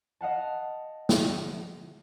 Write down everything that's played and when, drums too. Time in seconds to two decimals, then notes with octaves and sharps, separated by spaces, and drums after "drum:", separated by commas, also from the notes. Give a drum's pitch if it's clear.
0.21 D#5 F5 F#5 A5
1.09 drum: snare